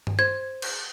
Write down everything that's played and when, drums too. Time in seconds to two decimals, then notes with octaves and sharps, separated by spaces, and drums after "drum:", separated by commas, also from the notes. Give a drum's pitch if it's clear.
0.07 drum: tom G2
0.19 C5 G#6
0.62 drum: cymbal